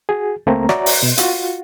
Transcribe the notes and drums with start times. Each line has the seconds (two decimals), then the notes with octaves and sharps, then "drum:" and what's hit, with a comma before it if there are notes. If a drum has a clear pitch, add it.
0.09 F#4 G#4
0.46 C#2 A3 A#3 C4 A#5
0.69 F#4 C#5 D5 E5 A#5, drum: rim click
0.86 drum: open hi-hat
1.03 B2
1.18 F4 F#4, drum: hi-hat